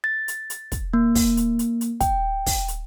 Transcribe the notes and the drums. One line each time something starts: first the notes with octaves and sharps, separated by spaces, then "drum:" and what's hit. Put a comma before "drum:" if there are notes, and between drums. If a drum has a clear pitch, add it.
A6
drum: hi-hat
drum: hi-hat
drum: kick, hi-hat
A#3
drum: kick, open hi-hat
drum: hi-hat
drum: hi-hat
drum: hi-hat
G5, drum: kick, hi-hat
drum: kick, open hi-hat
drum: hi-hat